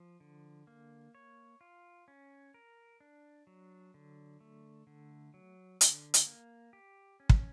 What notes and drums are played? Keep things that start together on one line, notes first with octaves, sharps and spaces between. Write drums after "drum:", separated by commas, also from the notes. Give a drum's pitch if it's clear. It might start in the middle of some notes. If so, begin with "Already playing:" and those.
Already playing: F3
D3
A#3
C#5
F4
C#4
A#4
D4
F#3
D3
A3
D3
F#3
D3, drum: hi-hat
drum: hi-hat
A#3
G4
C#4
drum: kick